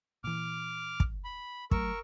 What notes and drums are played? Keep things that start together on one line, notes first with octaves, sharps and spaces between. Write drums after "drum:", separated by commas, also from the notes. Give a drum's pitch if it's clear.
A#2 E3 D6 F6
drum: kick
B5
F#3 A3 A#4 C#6 E6, drum: kick